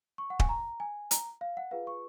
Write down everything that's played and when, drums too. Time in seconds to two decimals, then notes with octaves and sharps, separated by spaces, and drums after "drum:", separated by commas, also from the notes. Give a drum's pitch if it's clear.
0.18 C#6
0.30 F#5
0.39 G#5, drum: kick D#1
0.49 A#5
0.80 G#5
1.11 A#5, drum: hi-hat
1.41 F5
1.57 F#5
1.71 F4 G#4 B4 F5
1.87 C#6